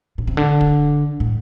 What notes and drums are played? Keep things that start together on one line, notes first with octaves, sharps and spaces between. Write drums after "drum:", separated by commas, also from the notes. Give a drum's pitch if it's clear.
A2
C3
D3
drum: kick
A2